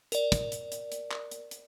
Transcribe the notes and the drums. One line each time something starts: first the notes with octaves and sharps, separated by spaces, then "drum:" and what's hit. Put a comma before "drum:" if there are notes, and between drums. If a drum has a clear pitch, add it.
A#4 D5, drum: hi-hat
drum: kick, hi-hat
drum: hi-hat
drum: hi-hat
drum: hi-hat
drum: clap
drum: hi-hat
drum: hi-hat